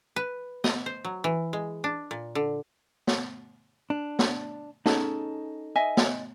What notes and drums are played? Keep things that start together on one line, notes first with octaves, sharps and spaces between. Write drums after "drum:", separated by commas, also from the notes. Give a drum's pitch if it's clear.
B4
D#5, drum: snare
C5
F#3
E3
G#3
D4
A#2
D3
drum: snare
D4
drum: snare
C#4 D#4 G#4 A4, drum: snare
D#5 E5 G#5
drum: snare